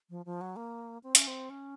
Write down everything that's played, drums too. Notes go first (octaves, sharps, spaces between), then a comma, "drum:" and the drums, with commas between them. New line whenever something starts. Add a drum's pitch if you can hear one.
F3
F3
F#3
A#3
C4
C#4, drum: hi-hat
C4
C#4